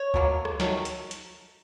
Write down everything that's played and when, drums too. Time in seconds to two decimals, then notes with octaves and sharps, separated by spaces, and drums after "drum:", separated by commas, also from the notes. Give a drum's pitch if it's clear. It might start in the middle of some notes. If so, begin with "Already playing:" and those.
Already playing: C#5
0.14 B2 F#3 A#3, drum: kick C#2
0.45 drum: rim click
0.60 D#3 F#3 A3, drum: snare
0.85 drum: hi-hat
1.11 drum: hi-hat